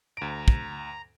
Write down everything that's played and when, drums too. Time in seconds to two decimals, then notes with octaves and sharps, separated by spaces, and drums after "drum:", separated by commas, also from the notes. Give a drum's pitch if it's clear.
0.17 D2 A#5 D7
0.48 drum: kick